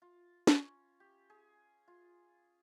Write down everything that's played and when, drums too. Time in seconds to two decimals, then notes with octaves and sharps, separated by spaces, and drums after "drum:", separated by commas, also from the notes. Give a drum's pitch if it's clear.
0.02 F4
0.47 C#4, drum: snare
1.00 G4
1.30 G#4
1.88 F4